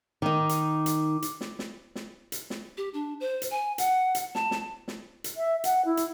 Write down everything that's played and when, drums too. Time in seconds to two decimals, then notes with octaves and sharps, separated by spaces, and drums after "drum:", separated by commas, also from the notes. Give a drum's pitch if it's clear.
0.22 D#3 D#4 D6
0.49 drum: hi-hat
0.86 drum: hi-hat
1.22 drum: hi-hat
1.41 drum: snare
1.59 drum: snare
1.95 drum: snare
2.32 drum: hi-hat
2.50 drum: snare
2.77 G4
2.94 D4
3.20 C5
3.42 drum: hi-hat
3.51 G#5
3.78 F#5, drum: hi-hat
4.15 drum: hi-hat
4.35 A5, drum: snare
4.51 drum: snare
4.88 drum: snare
5.24 drum: hi-hat
5.36 E5
5.64 F#5, drum: hi-hat
5.85 E4
5.97 drum: hi-hat